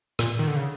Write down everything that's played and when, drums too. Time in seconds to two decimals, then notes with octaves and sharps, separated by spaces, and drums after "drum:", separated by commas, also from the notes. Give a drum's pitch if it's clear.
0.19 A#2, drum: rim click
0.39 D#3
0.47 D3
0.56 C#3